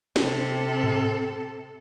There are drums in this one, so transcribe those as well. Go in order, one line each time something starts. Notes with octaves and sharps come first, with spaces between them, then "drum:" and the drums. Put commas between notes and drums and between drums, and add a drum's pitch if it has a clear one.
C3 A4, drum: snare
drum: tom G#2